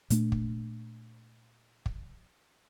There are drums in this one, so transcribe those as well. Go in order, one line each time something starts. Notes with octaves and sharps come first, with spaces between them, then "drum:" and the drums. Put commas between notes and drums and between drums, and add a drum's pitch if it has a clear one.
A#2 A3 D4, drum: hi-hat
drum: kick
drum: kick